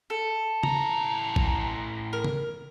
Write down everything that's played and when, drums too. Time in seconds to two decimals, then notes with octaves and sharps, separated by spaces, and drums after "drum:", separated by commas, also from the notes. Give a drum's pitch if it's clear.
0.10 A4
0.63 A2 A#5, drum: tom C#3
1.36 drum: kick
2.13 A#4
2.24 drum: tom C#3